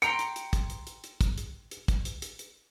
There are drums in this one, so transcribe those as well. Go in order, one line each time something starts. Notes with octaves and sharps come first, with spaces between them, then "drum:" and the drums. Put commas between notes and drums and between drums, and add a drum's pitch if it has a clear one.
G5 A#5 C6 C#7, drum: hi-hat
drum: hi-hat
drum: hi-hat
drum: kick, hi-hat
drum: hi-hat
drum: hi-hat
drum: hi-hat
drum: kick, hi-hat
drum: hi-hat
drum: hi-hat
drum: kick, hi-hat
drum: hi-hat
drum: hi-hat
drum: hi-hat